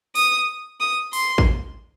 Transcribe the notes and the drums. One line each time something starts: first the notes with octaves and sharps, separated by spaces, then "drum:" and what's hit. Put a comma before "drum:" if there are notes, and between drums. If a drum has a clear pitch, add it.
D#6, drum: open hi-hat
D#6
C6, drum: open hi-hat
drum: kick